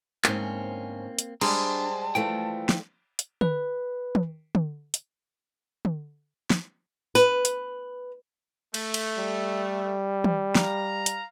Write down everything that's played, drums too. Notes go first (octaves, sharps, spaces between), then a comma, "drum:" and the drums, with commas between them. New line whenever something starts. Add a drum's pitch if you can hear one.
D2 G#2 A#3 C4 C#4, drum: clap
drum: hi-hat
G3 G#3 D4 C5 A5 A#5, drum: cymbal
E3 F3 A3 G5
drum: snare
drum: hi-hat
B4, drum: tom D3
drum: tom
drum: tom D3
drum: hi-hat
drum: tom D3
drum: snare
B4, drum: tambourine
drum: hi-hat
A3, drum: cymbal
drum: cymbal
G3
drum: tom
F5 A#5, drum: snare
drum: hi-hat